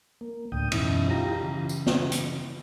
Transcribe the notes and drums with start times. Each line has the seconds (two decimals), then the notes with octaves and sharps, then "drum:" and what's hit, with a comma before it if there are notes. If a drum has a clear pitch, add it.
0.21 A#3
0.52 D2 A2 D3 G5 D#6
0.72 F#2 B2 E3 C#4 D#4 E4, drum: cymbal
1.10 F4 G4 A#5
1.43 C#3 E3
1.69 drum: tambourine
1.86 drum: snare
2.12 drum: hi-hat